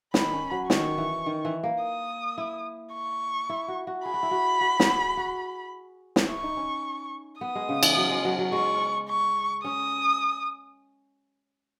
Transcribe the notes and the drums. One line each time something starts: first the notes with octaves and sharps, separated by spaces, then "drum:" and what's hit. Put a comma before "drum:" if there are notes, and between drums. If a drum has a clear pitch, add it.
D#3 B5, drum: snare
C#4
F#3
D#3 C#6, drum: snare
E3
D#3
E3
A#3
D#6
E4
C#6
E4
F#4
F#4
G#4 B5
F#4
E4
F#4
F#4
F#4, drum: snare
G#4
F#4
drum: snare
E4 C#6
D#4
C#4
B3 D#6
G#3
C#3
E3, drum: cymbal
F#3
G#3
F#3
F#3
G#3 C#6
C#6
C#4 D#6